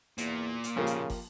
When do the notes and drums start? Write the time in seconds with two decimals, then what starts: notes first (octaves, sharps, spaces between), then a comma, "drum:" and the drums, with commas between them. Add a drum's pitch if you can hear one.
0.18 E2 A#2, drum: hi-hat
0.64 drum: hi-hat
0.76 C#3 F3 A#3 G4
0.87 drum: hi-hat
1.10 drum: kick, open hi-hat